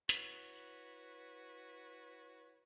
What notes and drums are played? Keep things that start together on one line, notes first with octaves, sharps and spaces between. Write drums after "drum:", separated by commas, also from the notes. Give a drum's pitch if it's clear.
E4 F#4 B4 C#5, drum: hi-hat